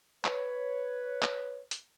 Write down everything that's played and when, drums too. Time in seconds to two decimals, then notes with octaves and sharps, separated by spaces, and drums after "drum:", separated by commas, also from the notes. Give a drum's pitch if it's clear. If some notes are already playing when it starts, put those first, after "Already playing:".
0.25 B4 C#5, drum: clap
1.22 drum: clap
1.71 drum: hi-hat